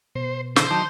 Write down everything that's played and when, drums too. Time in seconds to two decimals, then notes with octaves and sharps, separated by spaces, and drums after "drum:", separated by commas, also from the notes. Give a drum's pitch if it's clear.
0.15 B2 C5
0.56 D3 D#3 A4 C5, drum: snare
0.71 D#3 F#3 D#4 A5 D6 G6